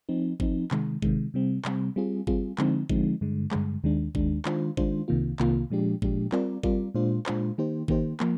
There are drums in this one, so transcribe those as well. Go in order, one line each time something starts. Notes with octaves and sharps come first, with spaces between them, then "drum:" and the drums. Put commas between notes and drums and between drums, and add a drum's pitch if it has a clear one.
F3 C4 D#4
F3 C4 D#4, drum: kick G1
C3 D#3 G#3, drum: clap
C3 D#3 G#3, drum: kick G1
C3 G3 C4
C3 G3 C4, drum: clap
G3 C4 F4 G#4
G3 C4 F4 G#4, drum: kick G1
D3 F3 G#3 C4 D#4, drum: clap
D3 F3 G#3 C4 D#4, drum: kick G1
G2 D3 G#3
G2 D3 G#3, drum: clap
D#2 D#3 G#3 D4
D#2 D#3 G#3 D4, drum: kick G1
D#3 G#3 D4 F4 C5, drum: clap
D#3 G#3 D4 F4 C5, drum: kick G1
C2 C3 D#3 A#3 F4
C2 C3 D#3 A#3 F4, drum: clap
A#2 F3 G#3 D4 G4
A#2 F3 G#3 D4 G4, drum: kick G1
G3 C4 F4 A#4 D5, drum: clap
G3 C4 F4 A#4 D5, drum: kick G1
A#2 G#3 D4 F4 C5
A#2 G#3 D4 F4 C5, drum: clap
D#3 A#3 D#4 G4 C5
D#3 A#3 D#4 G4 C5, drum: kick G1
F3 A#3, drum: clap